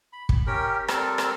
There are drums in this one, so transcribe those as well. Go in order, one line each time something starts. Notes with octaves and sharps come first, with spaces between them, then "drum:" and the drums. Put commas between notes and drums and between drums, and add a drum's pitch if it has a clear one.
B5
drum: kick
C#4 G4 A#4 G5
G3 C4 A4 A#4, drum: rim click
drum: rim click